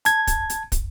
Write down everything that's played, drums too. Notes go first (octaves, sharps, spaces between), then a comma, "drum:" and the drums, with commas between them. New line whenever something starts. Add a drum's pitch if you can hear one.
A5 G#6, drum: hi-hat
drum: kick, hi-hat
drum: hi-hat
drum: kick, hi-hat